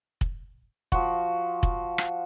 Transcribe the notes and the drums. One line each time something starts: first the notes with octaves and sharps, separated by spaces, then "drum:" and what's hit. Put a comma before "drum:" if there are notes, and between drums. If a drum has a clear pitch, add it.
drum: kick
F3 F#4, drum: kick
drum: kick
drum: rim click